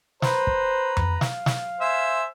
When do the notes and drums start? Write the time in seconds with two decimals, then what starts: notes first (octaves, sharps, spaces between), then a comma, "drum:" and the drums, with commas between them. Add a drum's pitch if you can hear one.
0.22 B4 C5 A#5, drum: snare
0.47 drum: kick
0.97 drum: tom F2
1.21 F5, drum: snare
1.46 drum: snare
1.81 C5 E5 G#5